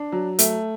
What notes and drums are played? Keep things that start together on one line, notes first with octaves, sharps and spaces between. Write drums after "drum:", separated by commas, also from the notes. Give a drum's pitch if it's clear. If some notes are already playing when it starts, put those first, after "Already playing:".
Already playing: D4
F#3
A3, drum: hi-hat